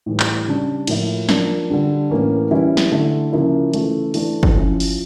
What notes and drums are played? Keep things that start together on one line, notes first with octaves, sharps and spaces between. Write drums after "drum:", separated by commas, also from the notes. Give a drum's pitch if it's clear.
A2 E3 G3
drum: clap
C#3 G3 D4
A2 F3 A#3 E4, drum: cymbal
F3 A#3 D4, drum: snare
D3 G3 D4
A2 E3 A#3 C#4
E3 G3 C#4 E4
drum: snare
D3 A3 E4
C#3 F3 A#3 E4
C#3 E3 A3, drum: hi-hat
E3 A3 D4, drum: open hi-hat
drum: kick
F3 C#4 E4
drum: open hi-hat